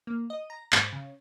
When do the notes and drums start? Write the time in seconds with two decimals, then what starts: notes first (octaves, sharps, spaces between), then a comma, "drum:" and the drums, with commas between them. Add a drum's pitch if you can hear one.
0.07 A#3
0.30 D#5
0.50 A#5
0.72 G#2, drum: clap
0.93 C#3